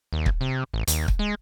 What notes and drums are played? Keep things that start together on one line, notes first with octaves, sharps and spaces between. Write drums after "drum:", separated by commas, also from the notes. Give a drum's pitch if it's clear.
D#2
drum: kick
C3
A1
D#2, drum: hi-hat
drum: kick
G#3